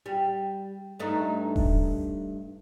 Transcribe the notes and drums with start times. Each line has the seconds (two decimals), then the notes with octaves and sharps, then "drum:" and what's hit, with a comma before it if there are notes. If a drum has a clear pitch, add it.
0.06 G3
0.99 G2 A3 D#4
1.56 drum: kick D#1